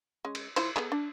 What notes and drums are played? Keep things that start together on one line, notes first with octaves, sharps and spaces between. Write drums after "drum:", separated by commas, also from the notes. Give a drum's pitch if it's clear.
G#3 C#4
drum: cymbal
F3 E4 C5, drum: cymbal
B3 G#4 A4, drum: clap
D4